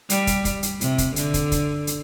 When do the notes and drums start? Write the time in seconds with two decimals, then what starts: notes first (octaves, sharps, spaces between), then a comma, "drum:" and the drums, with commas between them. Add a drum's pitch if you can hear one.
0.10 G3, drum: hi-hat
0.27 drum: kick, hi-hat
0.45 drum: kick, hi-hat
0.63 drum: hi-hat
0.81 C3, drum: hi-hat
0.98 drum: kick, hi-hat
1.16 D3, drum: hi-hat
1.34 drum: kick, hi-hat
1.52 drum: kick, hi-hat
1.87 drum: hi-hat